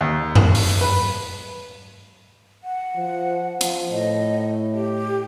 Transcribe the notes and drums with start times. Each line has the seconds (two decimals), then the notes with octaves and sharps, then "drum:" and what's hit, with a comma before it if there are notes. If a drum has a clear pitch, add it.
0.01 D#2
0.35 drum: tom F#2
0.55 drum: open hi-hat
0.81 B4
2.64 F#5
2.96 F3
3.61 F3, drum: hi-hat
3.91 A2 D#5
4.74 G4